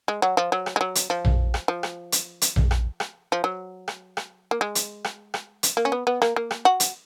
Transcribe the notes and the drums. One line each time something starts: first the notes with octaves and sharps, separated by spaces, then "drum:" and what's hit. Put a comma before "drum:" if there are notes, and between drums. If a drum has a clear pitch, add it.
G#3
F#3
F3
F#3
drum: rim click
G#3
F#3
drum: hi-hat
F3
drum: tom A#1
drum: rim click
F3
drum: rim click
drum: hi-hat
drum: hi-hat
drum: tom A#1
drum: rim click
drum: rim click
F3
F#3
drum: rim click
drum: rim click
A#3
G#3
drum: hi-hat
drum: rim click
drum: rim click
drum: hi-hat
A#3
C#4
B3
B3
A#3, drum: rim click
A#3
drum: rim click
F#4
drum: hi-hat